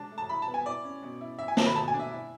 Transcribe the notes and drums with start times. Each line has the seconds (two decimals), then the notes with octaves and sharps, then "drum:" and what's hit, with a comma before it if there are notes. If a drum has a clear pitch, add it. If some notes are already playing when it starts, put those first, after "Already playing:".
Already playing: G#3 D4 A5
0.12 A3
0.18 A5
0.29 E4 B5
0.42 A5
0.48 B3
0.54 G#5
0.66 E4 D5
0.84 C#4
1.03 B2
1.21 E4
1.39 E4 E5
1.48 G#5
1.57 A3 A5, drum: snare
1.66 B5
1.75 B2 A5
1.88 G#5
1.94 D4
2.00 E5
2.11 E4